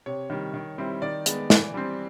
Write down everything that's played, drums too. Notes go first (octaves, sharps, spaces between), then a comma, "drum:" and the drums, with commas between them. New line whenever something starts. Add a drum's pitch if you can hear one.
C3 C#5
D#3 G3
D#3
G3 C4 E4
D#3 D5
G#3 B3, drum: hi-hat
E3, drum: snare
G3 C4